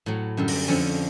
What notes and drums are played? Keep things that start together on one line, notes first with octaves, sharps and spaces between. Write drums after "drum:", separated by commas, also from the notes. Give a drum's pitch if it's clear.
A2 F#3
F#2 D3 G3
drum: open hi-hat
F2 D3 F3 C#4